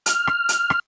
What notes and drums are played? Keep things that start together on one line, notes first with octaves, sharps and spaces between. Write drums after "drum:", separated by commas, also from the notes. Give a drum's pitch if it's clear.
F6, drum: hi-hat
drum: rim click
drum: hi-hat
drum: rim click